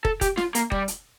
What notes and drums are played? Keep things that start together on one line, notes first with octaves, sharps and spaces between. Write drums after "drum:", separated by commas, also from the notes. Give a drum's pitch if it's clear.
A4, drum: kick
G4, drum: kick, hi-hat
F4, drum: snare
A#3, drum: hi-hat
G3, drum: kick
drum: hi-hat